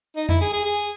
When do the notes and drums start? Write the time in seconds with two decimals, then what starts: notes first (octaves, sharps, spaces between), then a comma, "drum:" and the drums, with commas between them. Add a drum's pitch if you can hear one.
0.16 D#4
0.29 E4, drum: tom F2
0.41 G#4
0.53 G#4
0.65 G#4